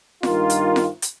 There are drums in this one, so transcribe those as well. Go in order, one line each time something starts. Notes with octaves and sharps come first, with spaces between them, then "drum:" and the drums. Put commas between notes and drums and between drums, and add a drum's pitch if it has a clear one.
G2 D#3 A#3 F4, drum: snare F4
drum: hi-hat
drum: snare F4
drum: hi-hat